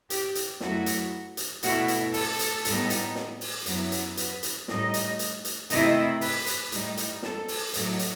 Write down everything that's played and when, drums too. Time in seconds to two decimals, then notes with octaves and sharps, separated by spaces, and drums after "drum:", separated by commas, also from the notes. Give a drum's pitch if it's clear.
0.10 G4, drum: hi-hat
0.35 drum: hi-hat
0.60 F#2 F#3 A3 E4 F#4, drum: snare
0.86 drum: hi-hat
1.37 drum: hi-hat
1.63 B2 A3 E4 F#4, drum: hi-hat
1.88 drum: hi-hat
2.14 A4, drum: open hi-hat
2.39 drum: hi-hat
2.65 A2 G3 B3 D#4, drum: hi-hat
2.90 drum: hi-hat
3.15 drum: snare
3.41 drum: open hi-hat
3.66 F#2 F#3 B3 E4, drum: hi-hat
3.92 drum: hi-hat
4.17 B4, drum: hi-hat
4.43 drum: hi-hat
4.68 A2 G3 D#4 D#5, drum: snare
4.94 drum: hi-hat
5.19 drum: hi-hat
5.45 drum: hi-hat
5.70 C3 D#3 A3 C4 E4 D#5, drum: hi-hat
6.21 B4, drum: open hi-hat
6.46 drum: hi-hat
6.72 A2 G3 D#4, drum: hi-hat
6.97 drum: hi-hat
7.23 A4, drum: snare
7.48 drum: open hi-hat
7.74 A2 F#3 A3 D#4, drum: hi-hat
7.99 drum: hi-hat